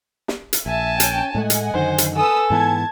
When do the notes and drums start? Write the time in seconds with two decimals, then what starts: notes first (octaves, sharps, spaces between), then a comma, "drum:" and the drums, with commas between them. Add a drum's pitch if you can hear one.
0.28 drum: snare
0.53 drum: hi-hat
0.66 A#1 E5 G#5 A5
1.00 C#4 G5, drum: hi-hat
1.35 A2 G#3 A3 D#5 F#5 G#5
1.50 drum: hi-hat
1.74 F#2 D3 D#3 C5
1.98 drum: hi-hat
2.16 A4 B4 G#5 D#6 E6
2.50 G#2 E3 B3 A5 G#6